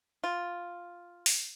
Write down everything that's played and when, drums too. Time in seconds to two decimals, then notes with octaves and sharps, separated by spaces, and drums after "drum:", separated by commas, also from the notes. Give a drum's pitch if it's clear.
0.24 F4
1.26 drum: open hi-hat